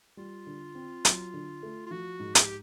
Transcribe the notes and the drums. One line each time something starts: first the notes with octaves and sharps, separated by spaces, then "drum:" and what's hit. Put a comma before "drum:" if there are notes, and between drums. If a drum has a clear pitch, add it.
G3 F4
D3
C4
F#3, drum: hi-hat
D3
A3
F4
F3 F#4
G#2
G#4, drum: hi-hat
G4